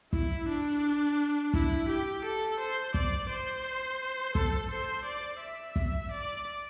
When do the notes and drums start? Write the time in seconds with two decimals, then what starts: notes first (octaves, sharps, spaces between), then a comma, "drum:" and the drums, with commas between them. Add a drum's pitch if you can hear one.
0.13 E4, drum: kick
0.48 D4
1.54 E4, drum: kick
1.89 G4
2.24 A4
2.59 C5
2.94 D5, drum: kick
3.29 C5
4.35 A4, drum: kick
4.70 C5
5.05 D5
5.40 E5
5.76 drum: kick
6.11 D5